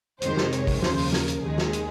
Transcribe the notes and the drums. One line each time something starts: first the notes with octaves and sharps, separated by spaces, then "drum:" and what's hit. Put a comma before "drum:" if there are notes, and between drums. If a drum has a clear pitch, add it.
F2 C3 D#3 G#3 C5, drum: hi-hat
drum: snare
C#5, drum: hi-hat
drum: kick, open hi-hat
D#2 C#3 F3 C5, drum: snare
drum: open hi-hat
A#4, drum: snare
drum: hi-hat
D#2 D#3 G#3 G#4
drum: snare
drum: hi-hat